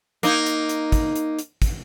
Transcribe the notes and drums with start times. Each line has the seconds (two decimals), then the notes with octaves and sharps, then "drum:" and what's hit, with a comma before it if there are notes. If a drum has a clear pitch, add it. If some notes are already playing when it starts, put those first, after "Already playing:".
0.23 A#3 D#4, drum: hi-hat
0.46 drum: hi-hat
0.69 drum: hi-hat
0.92 drum: kick, hi-hat
1.15 drum: hi-hat
1.39 drum: hi-hat
1.62 drum: kick, hi-hat